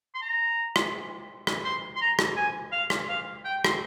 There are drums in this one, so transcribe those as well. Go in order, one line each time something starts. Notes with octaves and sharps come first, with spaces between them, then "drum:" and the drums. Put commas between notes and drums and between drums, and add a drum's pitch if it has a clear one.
C6
A#5
drum: rim click
drum: rim click
C6
C6
A#5
drum: rim click
G#5
F5
drum: rim click
F5
G5
C6, drum: rim click